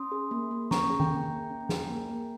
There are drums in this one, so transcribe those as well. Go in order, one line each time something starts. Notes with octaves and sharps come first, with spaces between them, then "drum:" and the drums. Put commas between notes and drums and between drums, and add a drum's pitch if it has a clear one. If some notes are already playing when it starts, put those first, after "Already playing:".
Already playing: C#4 C6 D#6
G#4
A#3
A#3
C#4 A#5 C#6, drum: snare
G#4
G5 A#5, drum: tom D#3
A#3
A#3
C#4
G#4, drum: snare
A#3
A#3